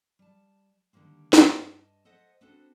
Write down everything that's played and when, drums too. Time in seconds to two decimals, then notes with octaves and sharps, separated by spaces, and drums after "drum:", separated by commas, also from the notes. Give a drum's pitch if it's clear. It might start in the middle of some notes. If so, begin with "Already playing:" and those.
0.19 G3 A5
0.93 D3 D#3 G3 A#3 C4
1.33 drum: snare
1.51 G2 E3 D#5 A5
2.05 A4 C5 D#5 E5 F#5
2.41 B3 C4 D4 F#4 A4 C5